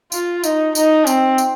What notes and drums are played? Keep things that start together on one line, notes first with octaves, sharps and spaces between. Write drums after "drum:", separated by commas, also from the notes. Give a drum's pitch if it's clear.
F4, drum: tambourine
D#4, drum: tambourine
D#4, drum: tambourine
C4, drum: tambourine
drum: tambourine